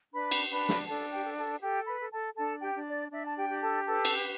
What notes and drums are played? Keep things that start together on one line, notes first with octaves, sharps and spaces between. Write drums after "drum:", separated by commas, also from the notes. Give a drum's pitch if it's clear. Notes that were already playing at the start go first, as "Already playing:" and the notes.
D4 B4 B5
drum: cymbal
D4 B4 B5
drum: snare
D4 A4 A5
G4 G5
A4
A4 A5
G4 A4 G5
B4 B5
A4
A4 A5
D4 A4 A5
G4 G5
D4
D5
D4 E5
A5
G4 G5
G4
A4 A5
A4 B4 A5
drum: cymbal